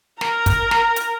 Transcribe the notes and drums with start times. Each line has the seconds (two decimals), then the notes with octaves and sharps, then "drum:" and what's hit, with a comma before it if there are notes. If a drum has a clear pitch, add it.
0.21 A#4 A#5, drum: snare
0.46 drum: kick, hi-hat
0.71 drum: snare
0.96 drum: hi-hat